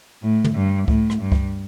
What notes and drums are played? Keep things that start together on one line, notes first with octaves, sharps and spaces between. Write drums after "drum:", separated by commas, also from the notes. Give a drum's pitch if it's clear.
A2
drum: tom
G2
A2, drum: kick C#2
drum: rim click
G2
drum: kick C#2